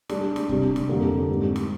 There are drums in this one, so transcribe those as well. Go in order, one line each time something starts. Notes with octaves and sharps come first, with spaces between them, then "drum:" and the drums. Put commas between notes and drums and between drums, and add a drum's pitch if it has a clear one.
G3 D4 G#4, drum: snare
drum: snare
C3 G3 D4 G4, drum: kick
drum: snare
F2 D3 G3 A#3 D4
G#2 G3 C4
drum: snare